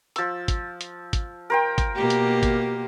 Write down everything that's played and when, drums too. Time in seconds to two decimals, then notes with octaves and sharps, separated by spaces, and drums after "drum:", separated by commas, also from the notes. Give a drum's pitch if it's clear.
0.16 F3 E6, drum: hi-hat
0.48 drum: kick, hi-hat
0.81 drum: hi-hat
1.13 drum: kick, hi-hat
1.50 A#4 C5 G5
1.78 drum: kick, hi-hat
1.95 B2 A#3 G4
2.10 drum: hi-hat
2.43 drum: kick, hi-hat